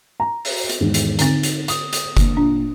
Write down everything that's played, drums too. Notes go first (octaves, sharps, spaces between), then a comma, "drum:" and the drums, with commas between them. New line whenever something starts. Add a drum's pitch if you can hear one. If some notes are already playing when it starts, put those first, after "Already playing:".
A#5
drum: open hi-hat
drum: hi-hat
E2 G#2 D#3
drum: hi-hat
D3 C4 D#4 A6, drum: hi-hat
drum: hi-hat
D#6, drum: hi-hat
drum: hi-hat
D3 A#3, drum: kick F#1, hi-hat
A#2 D4